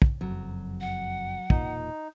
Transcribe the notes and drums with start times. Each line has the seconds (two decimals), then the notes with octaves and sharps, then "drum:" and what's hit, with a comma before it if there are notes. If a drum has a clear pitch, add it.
0.02 drum: kick
0.21 F#1 F2 F#3
0.81 F#5
1.50 E1 A#2 D#4, drum: kick